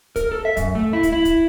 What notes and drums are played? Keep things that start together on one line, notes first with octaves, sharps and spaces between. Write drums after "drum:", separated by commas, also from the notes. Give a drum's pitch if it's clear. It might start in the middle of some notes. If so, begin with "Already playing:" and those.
A#4, drum: kick, hi-hat
A4
E5
F#2, drum: kick, hi-hat
A3
E4
drum: kick, hi-hat
E4
drum: kick, hi-hat